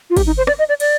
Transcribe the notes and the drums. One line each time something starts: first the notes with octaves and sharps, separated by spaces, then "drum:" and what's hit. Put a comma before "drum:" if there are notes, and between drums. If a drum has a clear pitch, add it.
F4
G4, drum: kick, cymbal
D#4
C5
D5, drum: rim click
D#5
D5
D5, drum: cymbal